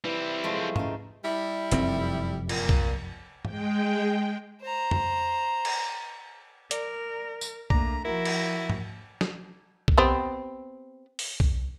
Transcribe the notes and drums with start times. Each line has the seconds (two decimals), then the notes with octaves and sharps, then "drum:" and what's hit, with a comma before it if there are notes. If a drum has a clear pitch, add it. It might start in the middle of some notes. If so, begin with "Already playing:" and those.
0.04 E3 G3 C4
0.44 F3 G#3 A3
0.76 C#3 D#4, drum: tom G#2
1.24 G3 E4
1.72 F1 F#2 C4, drum: hi-hat
2.49 A#2, drum: cymbal
2.69 drum: kick B1
3.45 G#3 G5, drum: tom G#2
4.62 C5 A#5
4.91 drum: tom F2
5.65 drum: cymbal
6.71 A#4 D5, drum: hi-hat
7.41 drum: tambourine
7.70 A3 A#3 D4 A#5, drum: kick B1
8.05 F3 E4 F#4 A#4
8.25 drum: cymbal
8.70 drum: tom G#2
9.21 drum: snare
9.88 drum: kick B1
9.98 B3 C4 G4
11.19 drum: open hi-hat
11.40 drum: kick B1